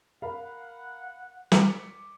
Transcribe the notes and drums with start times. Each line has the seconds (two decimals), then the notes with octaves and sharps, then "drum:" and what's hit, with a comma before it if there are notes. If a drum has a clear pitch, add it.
0.22 A#4 F5 F#5 B5
1.52 D6 B6 C#7, drum: snare